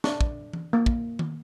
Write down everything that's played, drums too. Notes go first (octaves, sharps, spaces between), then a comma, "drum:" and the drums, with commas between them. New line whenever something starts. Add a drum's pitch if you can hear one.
D4, drum: snare
drum: kick
drum: tom E3
A#3
drum: kick
drum: tom D#3